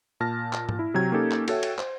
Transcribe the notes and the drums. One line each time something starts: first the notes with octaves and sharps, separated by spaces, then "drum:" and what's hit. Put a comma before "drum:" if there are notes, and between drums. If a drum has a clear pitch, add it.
A#2 A5 F6 A#6
drum: clap
drum: tom G#2
E4
C3 F#3 G5 A#5 G#6
A#3 C#4 D#4 G4 A4
drum: clap
F#4 A4 C#5 E5 G5, drum: cymbal
drum: cymbal
C5, drum: clap